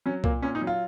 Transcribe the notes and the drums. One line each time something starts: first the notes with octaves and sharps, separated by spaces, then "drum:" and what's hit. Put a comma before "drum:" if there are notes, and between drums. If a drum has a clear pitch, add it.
F#3 C#4
A#2 A#3, drum: kick C2
A#2 C#4
D#4
F#3
F4